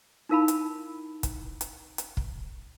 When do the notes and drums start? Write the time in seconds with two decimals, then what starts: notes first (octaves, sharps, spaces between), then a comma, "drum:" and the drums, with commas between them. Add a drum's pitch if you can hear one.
0.29 D#4 E4 A#4 F5 A5 B5
0.48 drum: hi-hat
1.23 drum: kick, hi-hat
1.61 drum: hi-hat
1.98 drum: hi-hat
2.17 drum: kick